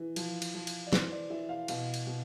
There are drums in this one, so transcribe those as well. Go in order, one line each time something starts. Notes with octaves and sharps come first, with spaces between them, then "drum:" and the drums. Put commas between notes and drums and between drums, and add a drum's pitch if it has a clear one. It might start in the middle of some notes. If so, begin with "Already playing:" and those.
Already playing: E3
F3, drum: cymbal
drum: cymbal
F3
drum: cymbal
D5
E3 C5, drum: snare
D5
E3 E5
F5
B2 F5, drum: cymbal
drum: cymbal
B2